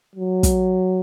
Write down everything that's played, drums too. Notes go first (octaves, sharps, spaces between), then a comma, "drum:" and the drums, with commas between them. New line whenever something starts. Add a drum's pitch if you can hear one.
F#3
drum: kick, hi-hat